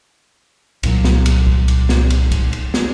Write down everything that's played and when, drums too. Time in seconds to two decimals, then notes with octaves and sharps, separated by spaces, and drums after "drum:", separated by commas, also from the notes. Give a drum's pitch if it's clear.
0.83 C2 A#2 F#3, drum: cymbal
1.04 drum: snare
1.26 drum: cymbal
1.47 drum: kick
1.68 drum: cymbal
1.89 drum: snare
2.10 drum: cymbal
2.32 drum: kick, cymbal
2.53 drum: cymbal
2.74 drum: snare